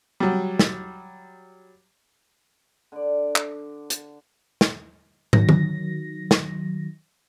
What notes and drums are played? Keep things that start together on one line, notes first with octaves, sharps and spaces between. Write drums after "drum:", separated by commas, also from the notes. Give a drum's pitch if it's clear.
F#3 G3
drum: snare
D3 D5
drum: clap
drum: hi-hat
drum: snare
D#3 F#3 A#6, drum: tom
drum: tom D3
drum: snare